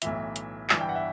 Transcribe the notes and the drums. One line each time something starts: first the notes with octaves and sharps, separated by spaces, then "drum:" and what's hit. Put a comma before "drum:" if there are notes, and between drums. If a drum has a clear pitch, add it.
B1 A2 E3 E5, drum: hi-hat
drum: hi-hat
G1 G2 E3, drum: clap
G5
F#5
E5